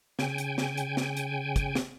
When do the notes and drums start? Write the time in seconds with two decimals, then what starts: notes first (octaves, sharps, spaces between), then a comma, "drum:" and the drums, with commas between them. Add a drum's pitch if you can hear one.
0.19 C#3 G5 G#5, drum: snare
0.38 drum: hi-hat
0.58 drum: snare
0.77 drum: hi-hat
0.97 drum: snare
1.17 drum: hi-hat
1.56 drum: kick, hi-hat
1.75 drum: snare